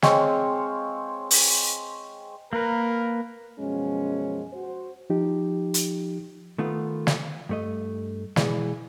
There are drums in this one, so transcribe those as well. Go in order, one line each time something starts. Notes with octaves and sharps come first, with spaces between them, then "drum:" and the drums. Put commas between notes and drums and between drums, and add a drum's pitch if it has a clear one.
G#3 C4 C#5 F5, drum: snare
drum: open hi-hat
A#3 A#4 B4
F#2 B2 F3 G#3 C#4
F#4 C5
F3 D#4 G4
drum: hi-hat
D#3 A3 B3 F4
drum: snare
G2 A3 D#5
B2 E3 G#3 G#4 D5, drum: snare